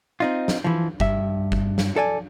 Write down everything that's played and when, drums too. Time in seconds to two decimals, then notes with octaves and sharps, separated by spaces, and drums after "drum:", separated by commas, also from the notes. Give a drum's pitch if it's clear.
0.20 C4 D#4 F4
0.48 drum: snare
0.64 E3 F3
1.00 G2 E5, drum: kick G1
1.52 drum: kick G1
1.78 drum: snare
1.96 A4 D5 G#5